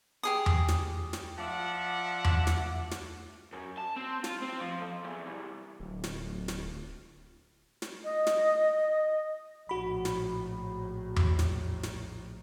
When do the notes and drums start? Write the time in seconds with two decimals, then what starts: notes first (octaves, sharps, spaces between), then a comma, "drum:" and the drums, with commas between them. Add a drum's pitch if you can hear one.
0.23 G4 G#4 D#6
0.46 drum: tom E2
0.68 drum: snare
1.13 drum: snare
1.38 F3 D5 E5 F#5
2.25 drum: tom E2
2.47 drum: snare
2.91 drum: snare
3.53 F#2
3.78 A5
3.96 C4
4.24 F4, drum: snare
4.42 C4
4.61 F3
4.79 F2
5.05 E2
5.26 C2
5.80 D1
6.04 drum: snare
6.48 drum: snare
7.82 drum: snare
8.04 D#5
8.27 drum: snare
9.69 A#1 A2 F#4 B5
10.05 drum: snare
11.16 drum: tom E2
11.39 drum: snare
11.83 drum: snare